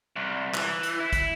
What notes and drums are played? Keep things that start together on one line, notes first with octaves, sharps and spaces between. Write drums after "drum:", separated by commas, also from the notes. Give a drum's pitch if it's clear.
C2
E3, drum: clap
drum: hi-hat
E4
drum: kick, hi-hat